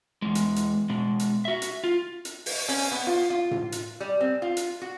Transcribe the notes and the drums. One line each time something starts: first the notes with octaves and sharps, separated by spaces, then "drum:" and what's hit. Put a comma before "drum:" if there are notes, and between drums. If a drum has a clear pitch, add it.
E2 G#3
drum: hi-hat
drum: hi-hat
B2 G#3
drum: hi-hat
F#4 E5
drum: hi-hat
F4
drum: hi-hat
drum: open hi-hat
C#4, drum: open hi-hat
B3
F4
F4
drum: tom A2
drum: hi-hat
G3
C4
F4
drum: hi-hat
F#4